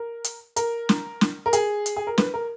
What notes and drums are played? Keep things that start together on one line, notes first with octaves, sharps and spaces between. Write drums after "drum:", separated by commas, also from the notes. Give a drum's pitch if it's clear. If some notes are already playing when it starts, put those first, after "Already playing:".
Already playing: A#4
drum: hi-hat
A#4, drum: hi-hat
drum: snare
drum: snare
A#4
G#4, drum: hi-hat
drum: hi-hat
G#4
A#4
B4, drum: snare
A#4